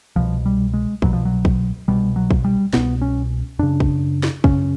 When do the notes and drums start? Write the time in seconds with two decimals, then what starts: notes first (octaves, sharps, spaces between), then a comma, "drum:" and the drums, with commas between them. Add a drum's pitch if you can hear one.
0.16 C2 B2 F3
0.46 G3
0.74 G#3
1.02 C2 B2 F#3, drum: kick
1.13 F3
1.25 F#3
1.45 drum: kick
1.88 C2 B2 G3
2.16 F#3
2.31 drum: kick
2.44 G3
2.73 C2 B2 B3, drum: snare
3.01 C#4
3.59 F#2 C#3 D4
3.80 drum: kick
4.23 drum: snare
4.44 F#2 C#3 C#4, drum: kick